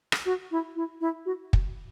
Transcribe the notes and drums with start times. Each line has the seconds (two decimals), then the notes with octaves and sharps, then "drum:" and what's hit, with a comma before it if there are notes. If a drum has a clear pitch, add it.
0.12 drum: rim click
0.26 F#4
0.51 E4
0.76 E4
1.01 E4
1.26 F#4
1.53 drum: kick